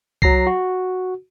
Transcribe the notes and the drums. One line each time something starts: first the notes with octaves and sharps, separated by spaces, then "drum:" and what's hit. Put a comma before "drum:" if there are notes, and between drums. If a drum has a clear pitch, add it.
F#3 A#5 A#6 C7, drum: kick C2
F#4